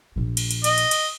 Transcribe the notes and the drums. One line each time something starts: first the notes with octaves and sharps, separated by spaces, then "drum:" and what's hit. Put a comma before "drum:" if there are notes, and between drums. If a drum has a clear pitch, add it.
A#1 F3
drum: cymbal
drum: cymbal
D#5, drum: cymbal
drum: cymbal
drum: cymbal